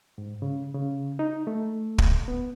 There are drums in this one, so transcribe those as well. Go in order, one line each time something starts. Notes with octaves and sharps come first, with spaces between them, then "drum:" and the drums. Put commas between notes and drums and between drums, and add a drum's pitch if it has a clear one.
G#2
C#3
C#3
D#4
A3
drum: kick
B3